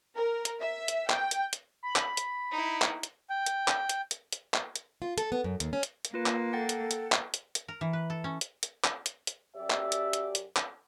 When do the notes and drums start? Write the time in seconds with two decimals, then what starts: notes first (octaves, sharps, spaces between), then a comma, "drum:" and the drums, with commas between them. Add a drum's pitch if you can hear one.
0.16 A#4
0.45 drum: hi-hat
0.61 E5
0.88 drum: hi-hat
1.10 G5, drum: clap
1.31 drum: hi-hat
1.53 drum: hi-hat
1.83 B5
1.96 drum: clap
2.17 drum: hi-hat
2.52 D#4 E4
2.82 drum: clap
3.03 drum: hi-hat
3.30 G5
3.46 drum: hi-hat
3.68 drum: clap
3.89 drum: hi-hat
4.11 drum: hi-hat
4.32 drum: hi-hat
4.54 drum: clap
4.76 drum: hi-hat
5.02 F4
5.18 A4, drum: hi-hat
5.32 B3
5.44 F#2
5.60 D#2, drum: hi-hat
5.73 C#4
5.83 drum: hi-hat
6.05 drum: hi-hat
6.14 A#3 F4 B4
6.26 drum: clap
6.53 A4 F#5 G5 A6
6.69 drum: hi-hat
6.91 drum: hi-hat
7.12 drum: clap
7.34 drum: hi-hat
7.55 drum: hi-hat
7.68 A#4
7.81 E3
7.93 B4
8.10 A4
8.24 C#4
8.41 drum: hi-hat
8.63 drum: hi-hat
8.84 drum: clap
9.06 drum: hi-hat
9.27 drum: hi-hat
9.56 F#2 G4 D5 E5
9.70 drum: clap
9.92 drum: hi-hat
10.13 drum: hi-hat
10.35 drum: hi-hat
10.56 drum: clap